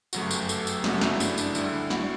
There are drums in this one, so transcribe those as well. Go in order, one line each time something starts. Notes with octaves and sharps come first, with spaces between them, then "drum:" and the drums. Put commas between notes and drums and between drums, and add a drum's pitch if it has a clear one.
G1 F#2 C#3 F#3 A3 F#4, drum: tambourine
G4, drum: tambourine
A4, drum: tambourine
G4, drum: tambourine
G1 F#2 C#3 F#3 A3 F#4, drum: snare
E4, drum: snare
D4, drum: tambourine
D4, drum: tambourine
D2 D3 G3 E4, drum: tambourine
F#4, drum: snare